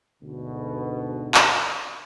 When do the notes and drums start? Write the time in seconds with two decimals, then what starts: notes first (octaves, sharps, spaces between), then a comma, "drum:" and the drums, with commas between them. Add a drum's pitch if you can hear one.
0.22 D2 G#2 B2
1.34 drum: clap